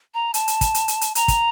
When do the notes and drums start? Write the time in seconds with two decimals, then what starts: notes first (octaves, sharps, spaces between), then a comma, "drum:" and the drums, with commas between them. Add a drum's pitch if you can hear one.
0.14 A#5
0.34 A5, drum: hi-hat
0.48 drum: hi-hat
0.61 drum: kick, hi-hat
0.74 drum: hi-hat
0.88 drum: hi-hat
1.01 drum: hi-hat
1.15 A#5, drum: hi-hat
1.28 drum: kick, hi-hat